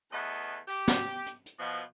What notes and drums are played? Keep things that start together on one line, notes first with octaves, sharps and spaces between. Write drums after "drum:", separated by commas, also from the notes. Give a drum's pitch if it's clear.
E2 A3 B3 D#5
G4, drum: open hi-hat
drum: snare
drum: hi-hat
drum: hi-hat
B2 F3